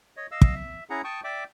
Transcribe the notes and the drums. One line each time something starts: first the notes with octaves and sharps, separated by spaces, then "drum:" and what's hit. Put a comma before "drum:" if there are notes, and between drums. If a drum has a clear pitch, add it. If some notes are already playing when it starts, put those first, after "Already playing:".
C#5 D#5
D#5 F5 E6
drum: kick
E5
C#4 E4 G#4 F#5 A#5
G5 A5 C#6 D#6
D5 E5 G5 D6